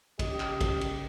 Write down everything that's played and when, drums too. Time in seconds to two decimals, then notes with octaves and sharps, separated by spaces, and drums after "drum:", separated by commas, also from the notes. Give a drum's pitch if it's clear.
0.19 C#3 G4 D#5, drum: kick, cymbal
0.40 drum: clap
0.61 drum: kick, cymbal
0.81 drum: cymbal